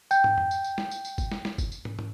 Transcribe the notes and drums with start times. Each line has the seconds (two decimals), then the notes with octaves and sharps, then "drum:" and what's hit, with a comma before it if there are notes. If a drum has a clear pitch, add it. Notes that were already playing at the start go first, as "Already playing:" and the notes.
0.11 G5 G6, drum: tambourine
0.24 drum: tom
0.38 drum: tom F2
0.51 drum: tambourine
0.64 drum: tambourine
0.78 drum: snare
0.91 drum: tambourine
1.05 drum: tambourine
1.18 drum: kick G1, tambourine
1.32 drum: snare
1.45 drum: snare
1.58 drum: kick G1, tambourine
1.72 drum: tambourine
1.85 drum: tom
1.99 drum: tom